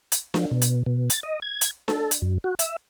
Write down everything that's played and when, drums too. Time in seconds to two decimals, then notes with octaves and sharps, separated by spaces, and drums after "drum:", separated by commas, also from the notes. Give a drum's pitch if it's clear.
0.12 drum: hi-hat
0.34 F3, drum: snare D4
0.51 B2
0.61 drum: hi-hat
0.86 B2
1.10 A6, drum: hi-hat
1.23 D#5
1.42 G#6
1.61 drum: hi-hat
1.88 A4, drum: snare D4
2.11 drum: hi-hat
2.22 F#2
2.44 F#4
2.59 E5, drum: hi-hat